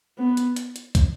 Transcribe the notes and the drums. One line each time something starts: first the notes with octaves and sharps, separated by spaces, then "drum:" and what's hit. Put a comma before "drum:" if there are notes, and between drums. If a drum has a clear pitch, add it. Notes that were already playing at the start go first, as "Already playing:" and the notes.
B3
drum: hi-hat
drum: hi-hat
drum: hi-hat
drum: kick, hi-hat